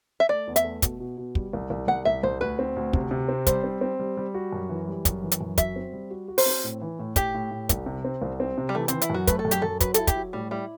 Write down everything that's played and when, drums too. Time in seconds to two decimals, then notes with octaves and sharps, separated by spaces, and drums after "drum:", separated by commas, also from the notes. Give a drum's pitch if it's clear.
0.20 E5
0.29 A3 D5
0.47 E2
0.56 E5, drum: hi-hat
0.64 A3
0.82 B2, drum: kick, hi-hat
1.00 B2
1.18 B2
1.35 G3, drum: kick
1.53 C2
1.70 C2
1.88 C2 F#5
2.05 C2 E5
2.23 C2 C5
2.41 D2 B4
2.59 C4
2.76 D2
2.93 C3, drum: kick
3.11 C3
3.28 C4
3.46 G3 C5, drum: kick, hi-hat
3.64 C4
3.81 C4
4.00 G3
4.17 G3
4.34 F#4
4.53 F#2
4.69 E3
4.88 G3
5.05 F#2, drum: kick, hi-hat
5.22 E3
5.31 drum: hi-hat
5.41 F#2
5.58 F#4 E5, drum: kick, hi-hat
5.76 C4
5.93 G3
6.11 F#4
6.28 F#4
6.38 C5, drum: open hi-hat
6.46 C4
6.64 A2
6.81 E3
6.99 A2
7.16 A2 G4, drum: kick, hi-hat
7.34 A2
7.51 A2
7.69 C2, drum: kick, hi-hat
7.86 C3
8.04 C4
8.22 C2
8.40 C4
8.58 C3
8.69 G3
8.75 E3 A3
8.88 E3 C4, drum: hi-hat
9.01 E4, drum: hi-hat
9.10 F#2 F#4
9.27 A3 B4, drum: kick, hi-hat
9.39 A4
9.45 F#2
9.51 G4, drum: hi-hat
9.62 F#2 A4
9.80 F#3 B4, drum: kick, hi-hat
9.94 E4 A4, drum: hi-hat
10.07 G4, drum: kick, hi-hat
10.15 F#3
10.33 A2 G3
10.51 G3 E4